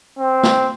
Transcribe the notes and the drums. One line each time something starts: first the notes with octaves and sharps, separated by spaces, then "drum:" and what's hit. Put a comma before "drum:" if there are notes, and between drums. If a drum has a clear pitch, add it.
C4
drum: snare